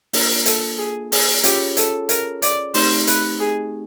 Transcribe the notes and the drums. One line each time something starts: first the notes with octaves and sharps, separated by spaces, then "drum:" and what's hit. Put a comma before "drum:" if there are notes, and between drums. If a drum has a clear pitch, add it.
A#3 D4 F4 A#4, drum: open hi-hat
A4, drum: hi-hat
G#4
G#4, drum: open hi-hat
C#4 F4 G4 G#4 C#5, drum: hi-hat
A4, drum: hi-hat
A#4, drum: hi-hat
D5, drum: hi-hat
A3 C4 D#4 G4 C5, drum: open hi-hat
B4, drum: hi-hat
G#4